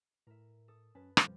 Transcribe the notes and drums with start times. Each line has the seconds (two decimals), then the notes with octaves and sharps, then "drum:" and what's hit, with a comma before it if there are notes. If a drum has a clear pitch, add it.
0.27 A2 A#4 E5
0.68 A4 D#6
0.95 F#2 C#4 B4 A5
1.17 F2 A#2 D3 F3 G3, drum: rim click